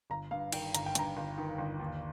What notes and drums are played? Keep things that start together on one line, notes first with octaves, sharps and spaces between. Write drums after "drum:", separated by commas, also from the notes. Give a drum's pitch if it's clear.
G1 A#5
G2 F5
D#3 G5, drum: cymbal
G1 A#5, drum: hi-hat
G5
G2 A#5, drum: hi-hat
G1
D#3
G1
D#2